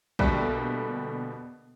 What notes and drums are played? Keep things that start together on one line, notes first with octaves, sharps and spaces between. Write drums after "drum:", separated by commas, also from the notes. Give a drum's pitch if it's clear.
B2 D3 G3 A3 A#3, drum: kick A#1